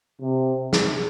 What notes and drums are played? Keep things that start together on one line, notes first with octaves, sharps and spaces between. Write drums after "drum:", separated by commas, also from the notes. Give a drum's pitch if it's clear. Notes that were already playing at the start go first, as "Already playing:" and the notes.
C3
G#4, drum: snare